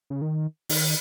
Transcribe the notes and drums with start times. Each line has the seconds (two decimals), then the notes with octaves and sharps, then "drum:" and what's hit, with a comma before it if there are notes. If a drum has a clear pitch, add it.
0.10 C#3
0.22 D#3
0.69 D#3, drum: open hi-hat